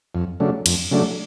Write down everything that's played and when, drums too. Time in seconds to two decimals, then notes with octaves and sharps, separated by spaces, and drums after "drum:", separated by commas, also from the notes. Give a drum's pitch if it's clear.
0.15 F2
0.40 C#3 F#3 A3 D4
0.66 F2, drum: cymbal
0.91 C#3 F#3 A3 D4